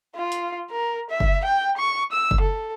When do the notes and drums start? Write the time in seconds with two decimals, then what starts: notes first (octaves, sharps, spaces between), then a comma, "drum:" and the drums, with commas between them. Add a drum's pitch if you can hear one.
0.16 F4
0.32 drum: hi-hat
0.71 A#4
1.10 E5
1.20 drum: kick F#1
1.45 G5
1.77 C#6
2.12 E6
2.31 drum: kick F#1
2.41 A4